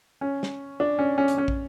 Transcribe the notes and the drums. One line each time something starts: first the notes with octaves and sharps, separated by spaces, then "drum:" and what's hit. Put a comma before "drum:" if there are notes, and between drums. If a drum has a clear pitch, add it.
C#4
drum: snare
D4
C#4
C#4
drum: hi-hat
C#4
drum: kick